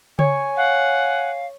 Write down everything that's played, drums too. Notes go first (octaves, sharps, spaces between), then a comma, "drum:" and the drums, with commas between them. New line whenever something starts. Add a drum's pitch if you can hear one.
C#5 G#5, drum: tom C#3
F5 F#5